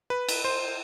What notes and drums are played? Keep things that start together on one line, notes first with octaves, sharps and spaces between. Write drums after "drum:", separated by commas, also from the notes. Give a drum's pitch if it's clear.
B4
drum: cymbal
C5